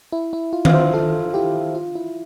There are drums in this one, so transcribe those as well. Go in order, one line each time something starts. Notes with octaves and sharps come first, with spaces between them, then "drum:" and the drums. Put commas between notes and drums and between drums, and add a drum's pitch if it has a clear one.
E4
E4
F4
F5, drum: tom D#3
C5 E5
F4 A4
E4 G4
F4
E4